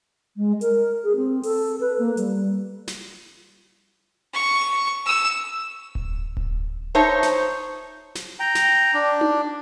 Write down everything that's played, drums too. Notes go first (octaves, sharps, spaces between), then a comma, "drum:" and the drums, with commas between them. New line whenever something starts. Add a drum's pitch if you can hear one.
G#3
A#4, drum: hi-hat
G#4
C4
A4, drum: open hi-hat
B4
A#3
G3, drum: hi-hat
drum: snare
C#6
E6
drum: kick D1
drum: kick D1
D#4 C5 C#5 E5 A5
drum: snare
drum: snare
G5 A#5
drum: snare
D4
drum: tom D#4